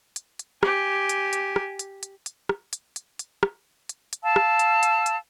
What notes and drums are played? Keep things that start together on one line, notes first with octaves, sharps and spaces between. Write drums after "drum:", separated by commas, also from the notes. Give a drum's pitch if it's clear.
drum: hi-hat
drum: hi-hat
G4 G#5, drum: rim click
drum: hi-hat
drum: hi-hat
drum: rim click
drum: hi-hat
drum: hi-hat
drum: hi-hat
drum: rim click
drum: hi-hat
drum: hi-hat
drum: hi-hat
drum: rim click
drum: hi-hat
drum: hi-hat
F5 A5 E6
drum: rim click
drum: hi-hat
drum: hi-hat
drum: hi-hat